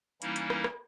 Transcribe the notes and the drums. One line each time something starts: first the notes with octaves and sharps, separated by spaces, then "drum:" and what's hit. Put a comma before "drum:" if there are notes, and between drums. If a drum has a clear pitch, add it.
E3 G3 A#3 C#4 D#4 E4, drum: hi-hat
drum: hi-hat
drum: rim click
drum: rim click